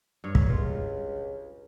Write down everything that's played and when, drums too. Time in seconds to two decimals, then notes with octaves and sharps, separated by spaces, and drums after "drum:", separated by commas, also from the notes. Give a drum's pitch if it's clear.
0.24 G2 C#5
0.35 drum: kick
0.49 C#2 F4